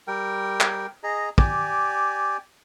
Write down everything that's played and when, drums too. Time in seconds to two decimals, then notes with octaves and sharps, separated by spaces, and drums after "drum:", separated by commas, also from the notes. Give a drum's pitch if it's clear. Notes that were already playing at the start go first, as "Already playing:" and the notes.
0.08 G3 A#4 G5
0.60 drum: clap
1.03 G#4 D#5 A#5
1.38 G4 D5 G#5, drum: kick